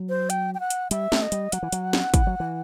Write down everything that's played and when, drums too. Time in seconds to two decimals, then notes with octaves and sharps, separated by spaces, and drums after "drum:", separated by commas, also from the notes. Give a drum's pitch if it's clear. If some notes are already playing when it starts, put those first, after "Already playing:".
Already playing: F#3
0.09 C5
0.30 G5, drum: hi-hat
0.54 G5
0.60 F#5
0.70 drum: hi-hat
0.91 G3 E5, drum: hi-hat
1.12 A3, drum: snare
1.22 D#5
1.32 G3, drum: hi-hat
1.52 F#3 F#5, drum: hi-hat
1.63 E3
1.72 F#3, drum: hi-hat
1.93 drum: snare
2.14 E3, drum: kick, hi-hat
2.27 F#3
2.40 E3